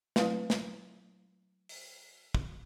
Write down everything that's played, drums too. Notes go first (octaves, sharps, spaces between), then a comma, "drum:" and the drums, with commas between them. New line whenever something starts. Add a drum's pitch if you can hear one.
F#3 A3 C4 E4 B4 F5, drum: snare
drum: snare
drum: open hi-hat
drum: kick